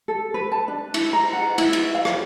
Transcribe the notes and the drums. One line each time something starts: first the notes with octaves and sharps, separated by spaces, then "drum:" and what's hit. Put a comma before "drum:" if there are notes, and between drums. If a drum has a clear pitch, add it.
A4
B4
A5
D4
E4, drum: cymbal
A#5
F#5
E4, drum: cymbal
E4, drum: cymbal
F5
drum: rim click